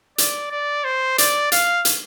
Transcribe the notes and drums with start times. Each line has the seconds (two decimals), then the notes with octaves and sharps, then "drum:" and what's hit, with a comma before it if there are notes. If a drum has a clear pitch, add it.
0.18 D5, drum: hi-hat
0.51 D5
0.84 C5
1.18 D5, drum: hi-hat
1.52 F5, drum: hi-hat
1.85 drum: hi-hat